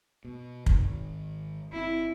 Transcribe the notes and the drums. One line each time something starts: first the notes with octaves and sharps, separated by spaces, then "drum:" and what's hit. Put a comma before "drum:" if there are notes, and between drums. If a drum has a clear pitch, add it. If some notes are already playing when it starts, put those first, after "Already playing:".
B2
G#1 D#3, drum: kick
G1 C4 E4